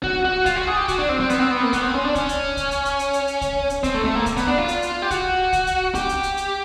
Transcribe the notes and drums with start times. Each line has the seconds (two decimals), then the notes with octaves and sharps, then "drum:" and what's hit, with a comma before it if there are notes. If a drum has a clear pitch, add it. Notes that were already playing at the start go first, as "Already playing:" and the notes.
0.03 F#4, drum: kick C2
0.25 F#4
0.46 F4, drum: kick C2, hi-hat
0.56 F#4
0.67 G#4
0.77 G4
0.88 F#4, drum: kick C2, hi-hat
0.99 D4
1.09 C4
1.20 C4
1.30 B3, drum: hi-hat
1.40 C4
1.51 B3
1.62 A#3
1.73 B3, drum: kick C2, hi-hat
1.83 C4
1.94 C#4
2.05 D4
2.15 C#4, drum: kick C2, hi-hat
2.29 drum: hi-hat
2.57 drum: kick C2, hi-hat
2.71 drum: hi-hat
2.85 drum: hi-hat
2.99 drum: hi-hat
3.13 drum: hi-hat
3.27 drum: hi-hat
3.41 drum: kick C2, hi-hat
3.70 drum: hi-hat
3.84 C4, drum: kick C2, hi-hat
3.95 A3
4.05 A3
4.15 A#3
4.26 drum: kick C2, hi-hat
4.37 B3, drum: hi-hat
4.47 D4
4.58 F4
4.68 drum: hi-hat
4.82 drum: hi-hat
5.02 G4
5.11 F#4, drum: kick C2, hi-hat
5.53 drum: kick C2, hi-hat
5.67 drum: hi-hat
5.95 G4, drum: kick C2, hi-hat
6.09 drum: hi-hat
6.23 drum: hi-hat
6.37 drum: hi-hat